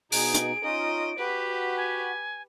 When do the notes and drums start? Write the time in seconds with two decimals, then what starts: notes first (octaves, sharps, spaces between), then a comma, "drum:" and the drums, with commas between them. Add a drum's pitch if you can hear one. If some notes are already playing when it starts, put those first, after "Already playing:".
0.12 B2 D#4 G#4 D7, drum: open hi-hat
0.34 drum: hi-hat
0.64 C#4 D#4 F4 D#5
1.18 F#4 G4 B4
1.77 G#5